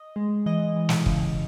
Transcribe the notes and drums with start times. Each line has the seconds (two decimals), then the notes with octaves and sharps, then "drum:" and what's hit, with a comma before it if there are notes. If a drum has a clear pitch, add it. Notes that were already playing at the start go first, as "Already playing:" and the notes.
Already playing: D#5
0.16 G#3
0.46 E3 D#5
0.76 E3
0.89 drum: snare
1.06 C#3, drum: kick